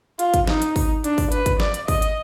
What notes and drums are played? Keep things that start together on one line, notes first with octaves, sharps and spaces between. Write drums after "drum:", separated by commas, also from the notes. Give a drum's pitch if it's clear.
F4, drum: hi-hat
drum: kick, hi-hat
D#4, drum: snare
drum: hi-hat
drum: kick, open hi-hat
D4, drum: hi-hat
drum: kick, open hi-hat
B4, drum: hi-hat
drum: kick, hi-hat
D5, drum: snare
drum: hi-hat
D#5, drum: kick, open hi-hat
drum: hi-hat